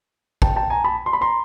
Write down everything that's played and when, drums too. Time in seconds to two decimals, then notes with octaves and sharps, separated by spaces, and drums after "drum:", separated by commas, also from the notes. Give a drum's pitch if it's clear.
0.42 G5 A5, drum: kick
0.56 G5 A5
0.70 G#5 A#5
0.84 A5 B5
1.06 C6
1.13 B5
1.21 A#5 C6